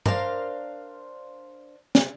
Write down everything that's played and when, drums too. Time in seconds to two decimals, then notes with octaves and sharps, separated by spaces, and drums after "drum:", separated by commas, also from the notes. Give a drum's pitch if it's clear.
0.06 D4 A#4 C5 F5, drum: tom G2
1.95 drum: snare